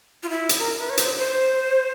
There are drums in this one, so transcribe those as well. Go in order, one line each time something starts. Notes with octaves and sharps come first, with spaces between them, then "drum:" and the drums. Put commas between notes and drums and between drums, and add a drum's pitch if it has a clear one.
F4
E4
drum: hi-hat
A#4
B4
C#5
C5, drum: hi-hat
C5